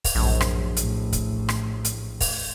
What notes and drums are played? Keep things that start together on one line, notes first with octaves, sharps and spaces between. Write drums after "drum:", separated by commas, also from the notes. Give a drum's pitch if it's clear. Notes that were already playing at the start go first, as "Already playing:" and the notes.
drum: kick, open hi-hat
A#1 F#2 A2
drum: rim click
A1 A2, drum: hi-hat
drum: kick, hi-hat
drum: rim click
drum: hi-hat
drum: kick, open hi-hat